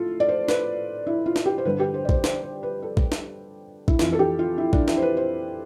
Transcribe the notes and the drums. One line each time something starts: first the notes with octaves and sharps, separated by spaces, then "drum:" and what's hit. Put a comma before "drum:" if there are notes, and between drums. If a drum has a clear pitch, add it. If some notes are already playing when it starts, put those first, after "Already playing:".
Already playing: A2 F4 A4
D5
C5
B4, drum: snare
E4
F4
drum: snare
G4
C5
G2 D3 B4
G4
C5
D5
C5, drum: kick A#1
C5, drum: snare
C5
B4
A4
drum: kick A#1
drum: snare
E4, drum: kick A#1
F2 E3 F4, drum: snare
A4
G4
F4
E4
D4, drum: kick A#1
E4, drum: snare
C5
B4
C5